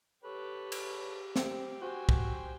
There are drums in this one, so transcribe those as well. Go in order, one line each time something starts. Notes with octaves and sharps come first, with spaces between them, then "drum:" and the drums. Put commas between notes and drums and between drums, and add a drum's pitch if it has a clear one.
G4 A4 B4 C#5
drum: cymbal
C4, drum: snare
F#4 C5 G5 G#5
drum: kick